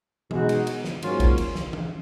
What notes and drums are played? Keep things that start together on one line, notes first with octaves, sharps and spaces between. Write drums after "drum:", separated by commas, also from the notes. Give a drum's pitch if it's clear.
B2 G#3 B3 D#4 F#4, drum: tom E3
drum: cymbal
drum: cymbal
drum: snare
G#2 F#3 A#3 C#4 F4, drum: cymbal
drum: kick, cymbal
drum: cymbal
drum: snare
drum: tom E3